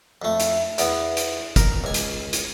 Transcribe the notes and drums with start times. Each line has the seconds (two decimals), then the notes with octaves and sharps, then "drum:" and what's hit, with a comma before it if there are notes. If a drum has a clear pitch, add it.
0.22 F2 A3
0.40 drum: hi-hat
0.78 E2 B3, drum: hi-hat
1.17 drum: hi-hat
1.56 A#4, drum: kick, hi-hat
1.84 C#2 G#5
1.94 drum: hi-hat
2.33 drum: hi-hat